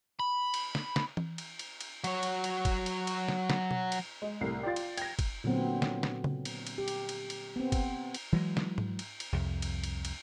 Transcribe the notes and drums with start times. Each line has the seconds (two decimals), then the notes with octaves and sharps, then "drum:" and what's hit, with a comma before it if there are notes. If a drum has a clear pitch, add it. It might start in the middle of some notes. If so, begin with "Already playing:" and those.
0.20 B5
0.54 drum: cymbal
0.75 drum: snare
0.96 drum: snare
1.17 drum: tom E3
1.38 drum: cymbal
1.59 drum: cymbal
1.81 drum: cymbal
2.04 F#3 C#5, drum: cymbal
2.23 drum: cymbal
2.44 drum: cymbal
2.65 drum: kick, cymbal
2.86 drum: cymbal
3.07 drum: cymbal
3.28 drum: snare
3.50 drum: snare
3.71 drum: tom B2
3.92 drum: cymbal
4.22 G#3
4.41 C2 A2 C7
4.63 F4 D5 G5 A6
4.76 drum: cymbal
4.97 G5 G#6 A#6, drum: cymbal
5.19 drum: kick, cymbal
5.44 A#2 D3 F#3 B3 C4
5.82 drum: snare
6.03 drum: snare
6.24 drum: tom C#3
6.45 drum: cymbal
6.67 drum: cymbal
6.78 G4
6.88 drum: cymbal
7.09 drum: cymbal
7.30 drum: cymbal
7.56 B3 C4
7.72 drum: kick, cymbal
8.14 drum: cymbal
8.32 E3 F#3 G#3
8.57 drum: snare
8.78 drum: tom G#2
8.99 drum: cymbal
9.20 drum: cymbal
9.32 C2 F2
9.62 drum: cymbal
9.84 drum: cymbal
10.05 drum: cymbal